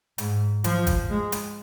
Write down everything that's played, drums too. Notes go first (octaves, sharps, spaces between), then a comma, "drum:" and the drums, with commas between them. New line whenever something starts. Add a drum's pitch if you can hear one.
G#2, drum: hi-hat
F3, drum: hi-hat
drum: kick, hi-hat
G#3
drum: hi-hat